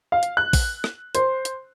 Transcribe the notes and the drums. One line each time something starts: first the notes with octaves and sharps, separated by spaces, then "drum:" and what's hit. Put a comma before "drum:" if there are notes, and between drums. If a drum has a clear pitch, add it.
F5
drum: hi-hat
F#6
drum: kick, open hi-hat
drum: rim click
C5, drum: hi-hat
drum: hi-hat